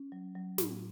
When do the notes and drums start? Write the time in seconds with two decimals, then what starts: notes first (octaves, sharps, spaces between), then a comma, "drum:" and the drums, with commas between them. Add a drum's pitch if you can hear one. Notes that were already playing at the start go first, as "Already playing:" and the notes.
Already playing: C#4
0.12 F#3
0.35 F#3
0.58 A2, drum: snare